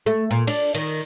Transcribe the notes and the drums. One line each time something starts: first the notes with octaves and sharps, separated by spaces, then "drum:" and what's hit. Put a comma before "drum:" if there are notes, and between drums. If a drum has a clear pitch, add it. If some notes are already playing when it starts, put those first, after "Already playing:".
A3
A#2
D4, drum: cymbal
D#3, drum: cymbal